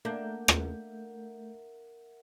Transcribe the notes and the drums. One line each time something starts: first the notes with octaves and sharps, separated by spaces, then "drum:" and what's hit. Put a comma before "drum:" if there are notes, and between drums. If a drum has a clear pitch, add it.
A3 A#3 D4 A#4 E5 F#5 G6
drum: rim click